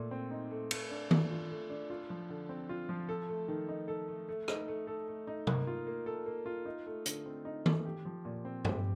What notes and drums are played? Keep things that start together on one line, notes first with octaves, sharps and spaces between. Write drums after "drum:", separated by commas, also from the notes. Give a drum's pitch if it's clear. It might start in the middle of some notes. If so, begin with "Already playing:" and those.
Already playing: A#2 A3
C4
D#4
A3
A3, drum: cymbal
D4
A3, drum: tom D#3
F4
A3
D4
F4
F3
D3
C4
F4
F3
A4
A3
D#3
D#4
A4
A3
A3
D#4, drum: rim click
A3
A4
A3
D#4
A#3, drum: tom C3
F4
A#3
A4
A#3
F4
D#4
A3
D3, drum: hi-hat
C4
D#4
A3, drum: tom D#3
G4
F3
A#2
C4
G4, drum: tom G2